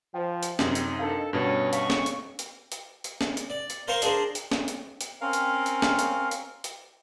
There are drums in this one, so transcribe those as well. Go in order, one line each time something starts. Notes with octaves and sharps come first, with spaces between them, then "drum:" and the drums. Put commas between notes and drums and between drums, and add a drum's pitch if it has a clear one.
F3 C5 G5
drum: hi-hat
F#2 C3 D#4, drum: snare
drum: hi-hat
D4 A4 A#4 F5
G2 B2 C#4 C#5
F5 C#6 B6, drum: hi-hat
drum: snare
drum: hi-hat
drum: hi-hat
drum: hi-hat
drum: hi-hat
drum: snare
drum: hi-hat
D5
drum: hi-hat
A#4 C5 F5 G#5 C6 C#6
D4 G#4 A#4 C5, drum: hi-hat
drum: hi-hat
drum: snare
drum: hi-hat
drum: hi-hat
C4 C#4 A#4 F5
drum: hi-hat
drum: hi-hat
drum: snare
drum: hi-hat
drum: hi-hat
drum: hi-hat